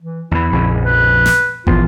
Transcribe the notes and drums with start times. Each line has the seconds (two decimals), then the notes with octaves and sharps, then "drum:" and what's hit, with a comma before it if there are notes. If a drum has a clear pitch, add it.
0.01 E3
0.31 E2 E3 E4
0.52 A#1 F2 C#3
0.85 B4
1.26 drum: snare
1.67 A#1 E3 B3 F4, drum: kick